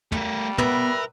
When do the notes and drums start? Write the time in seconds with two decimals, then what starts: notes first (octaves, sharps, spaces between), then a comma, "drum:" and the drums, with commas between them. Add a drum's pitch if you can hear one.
0.12 G3 A3 A#4, drum: tom
0.58 B3 A#4 B4 E5 B5, drum: tom